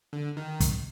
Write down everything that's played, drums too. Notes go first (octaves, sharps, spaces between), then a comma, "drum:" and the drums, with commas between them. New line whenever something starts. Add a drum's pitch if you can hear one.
D3
D#3
drum: kick, hi-hat